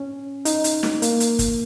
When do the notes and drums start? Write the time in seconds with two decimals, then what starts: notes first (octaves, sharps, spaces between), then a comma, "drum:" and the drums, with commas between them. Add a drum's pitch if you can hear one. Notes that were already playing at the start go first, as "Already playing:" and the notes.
Already playing: C#4
0.45 D#4, drum: hi-hat
0.64 drum: hi-hat
0.83 drum: snare
1.02 A#3, drum: hi-hat
1.20 drum: hi-hat
1.39 drum: kick, hi-hat